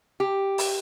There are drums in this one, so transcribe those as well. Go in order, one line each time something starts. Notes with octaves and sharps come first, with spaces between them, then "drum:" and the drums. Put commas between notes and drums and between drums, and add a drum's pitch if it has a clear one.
G4
drum: open hi-hat